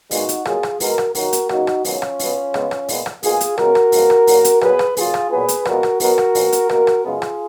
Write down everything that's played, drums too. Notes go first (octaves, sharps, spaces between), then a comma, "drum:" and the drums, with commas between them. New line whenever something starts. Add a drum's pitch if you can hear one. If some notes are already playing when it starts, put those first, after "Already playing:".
A#2 G#3 B3 D#4 F#4, drum: open hi-hat
drum: hi-hat
B2 F#3 A#3 F4 G#4, drum: rim click
drum: rim click
B2 G#3 B3 F#4 A#4, drum: open hi-hat
drum: rim click
F#2 D#3 F#3 A#3 F#4 A#4, drum: open hi-hat
drum: hi-hat
C#3 F#3 A#3 D#4 F#4, drum: rim click
drum: rim click
G#2 D#3 F#3 B3 C#4 F4, drum: open hi-hat
drum: rim click
B2 F#3 B3, drum: open hi-hat
C#3 G#3 B3, drum: rim click
drum: rim click
A#2 G#3 B3, drum: open hi-hat
drum: rim click
B2 A#3 F4 G#4, drum: open hi-hat
drum: hi-hat
C#3 G#3 B3 F#4 A#4, drum: rim click
drum: rim click
F#2 F3 G#3 B3, drum: open hi-hat
drum: rim click
A#2 F#3 A#3, drum: open hi-hat
drum: hi-hat
A#2 F#3 B3 G#4 B4, drum: rim click
drum: rim click
C#3 F#3 A#3 F4 G#4, drum: open hi-hat
drum: rim click
A#2 F#3 B3 G#4 B4
drum: hi-hat
A#2 F3 G#3 B3 F#4 A#4, drum: rim click
drum: rim click
B2 F#3 B3 F#4 A#4, drum: open hi-hat
drum: rim click
A#2 F3 B3, drum: open hi-hat
drum: hi-hat
B2 A#3 F#4 A#4, drum: rim click
drum: rim click
F#2 C#3 G#3 B3 F4 G#4
drum: rim click